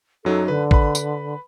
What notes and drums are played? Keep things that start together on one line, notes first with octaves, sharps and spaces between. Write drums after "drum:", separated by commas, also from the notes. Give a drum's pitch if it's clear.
F#2 F#3 D#4 A4
D3 B4
B4 B5, drum: kick
drum: tambourine